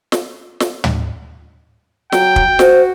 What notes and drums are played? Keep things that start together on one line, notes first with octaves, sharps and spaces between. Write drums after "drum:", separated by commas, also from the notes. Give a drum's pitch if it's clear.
drum: snare
drum: snare
drum: tom
F#3 G5, drum: snare
drum: kick
F#4 C5, drum: snare